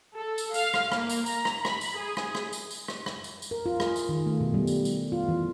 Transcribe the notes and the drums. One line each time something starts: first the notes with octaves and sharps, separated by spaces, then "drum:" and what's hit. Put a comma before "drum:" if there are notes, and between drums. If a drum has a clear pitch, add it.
A4
drum: tambourine
F5, drum: tambourine
drum: rim click
A#3, drum: rim click
drum: tambourine
A#5, drum: tambourine
drum: rim click
B5, drum: rim click
drum: tambourine
G#4
drum: rim click
drum: rim click
drum: tambourine
drum: tambourine
drum: rim click
drum: rim click
drum: tambourine
drum: tambourine
A#4
F4
G#4, drum: rim click
drum: tambourine
D#3
A3
B2
G3
drum: tambourine
drum: tambourine
F4
E3